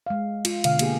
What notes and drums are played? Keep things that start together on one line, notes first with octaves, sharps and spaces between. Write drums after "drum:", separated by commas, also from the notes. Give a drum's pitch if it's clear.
G#3 F5
F4, drum: cymbal
B2 D3 F5, drum: cymbal
A#3 G4 G#4, drum: cymbal